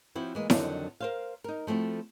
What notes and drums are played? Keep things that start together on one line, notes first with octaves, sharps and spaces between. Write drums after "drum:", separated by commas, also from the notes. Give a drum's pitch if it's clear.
F3 C4 E4 F#4
E3 G#3 A#3
F2 D3 D#3 F#3 D4, drum: snare E4
A#4 C5 F5
D#4 A#4
F3 A3 C4 E4 F#4